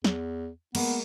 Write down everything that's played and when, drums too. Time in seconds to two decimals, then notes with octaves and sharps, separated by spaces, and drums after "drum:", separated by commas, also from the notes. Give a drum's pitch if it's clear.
0.04 E2, drum: snare
0.75 G#3 A#3 B3 A#4, drum: cymbal